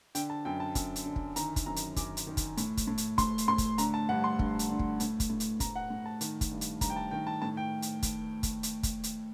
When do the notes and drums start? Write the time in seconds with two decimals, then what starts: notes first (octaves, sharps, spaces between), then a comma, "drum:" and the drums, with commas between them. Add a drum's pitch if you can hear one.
0.15 D3 G5, drum: hi-hat
0.30 A5
0.45 F#2 G5
0.60 A5
0.75 F#2, drum: kick, hi-hat
0.96 drum: hi-hat
1.06 D3
1.16 drum: kick
1.36 D#3 A#5, drum: hi-hat
1.56 drum: kick, hi-hat
1.66 F#2 A#5
1.76 drum: hi-hat
1.96 F#2 D6, drum: kick, hi-hat
2.17 drum: hi-hat
2.27 D#3
2.37 drum: kick, hi-hat
2.57 A2, drum: hi-hat
2.77 drum: kick, hi-hat
2.88 A2
2.98 drum: hi-hat
3.18 A2 C6, drum: kick, hi-hat
3.38 drum: hi-hat
3.48 A2 C6
3.58 drum: kick, hi-hat
3.78 D3 A#5, drum: hi-hat
3.94 A5
4.09 G2 F#5
4.24 C6
4.39 G2, drum: kick
4.59 drum: hi-hat
4.69 D3
4.79 drum: kick
5.00 A2, drum: hi-hat
5.20 drum: kick, hi-hat
5.30 A2
5.40 drum: hi-hat
5.60 A2 A#5, drum: kick, hi-hat
5.76 F#5
5.90 A2
6.06 A5
6.21 D#3, drum: hi-hat
6.41 drum: kick, hi-hat
6.51 G2
6.61 drum: hi-hat
6.81 G2 A#5, drum: kick, hi-hat
6.90 G5
6.96 A5
7.11 D#3 G5
7.27 A5
7.42 A2 A5
7.57 G5
7.82 drum: hi-hat
8.03 drum: kick, hi-hat
8.43 drum: kick, hi-hat
8.63 drum: hi-hat
8.83 drum: kick, hi-hat
9.03 drum: hi-hat